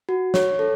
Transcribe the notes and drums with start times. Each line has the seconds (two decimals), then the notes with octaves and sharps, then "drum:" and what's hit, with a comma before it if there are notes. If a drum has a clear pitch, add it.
0.09 F#4
0.34 C#5, drum: snare
0.59 A4